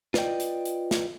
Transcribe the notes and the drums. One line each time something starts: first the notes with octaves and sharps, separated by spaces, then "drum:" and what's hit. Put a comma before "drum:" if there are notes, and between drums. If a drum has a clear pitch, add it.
F4 B4 D5 D#5 G5, drum: snare
drum: hi-hat
drum: hi-hat
drum: snare